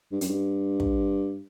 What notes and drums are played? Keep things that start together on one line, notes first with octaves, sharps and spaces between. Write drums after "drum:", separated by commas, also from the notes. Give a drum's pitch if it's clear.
G2
F#2, drum: hi-hat
G2
drum: kick